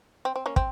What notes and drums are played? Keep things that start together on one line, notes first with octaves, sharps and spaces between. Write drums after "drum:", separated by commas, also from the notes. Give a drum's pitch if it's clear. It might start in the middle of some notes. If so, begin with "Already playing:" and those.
C4
C4
A#3 C#4
C4, drum: kick